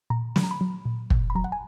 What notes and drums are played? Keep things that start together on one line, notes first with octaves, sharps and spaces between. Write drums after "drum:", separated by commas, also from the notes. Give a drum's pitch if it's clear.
A#2 A#5
F#3 B5, drum: snare
A#5
B5
F#3
A#2
A#2, drum: kick
B5
F#3 A#5
F#5
G#5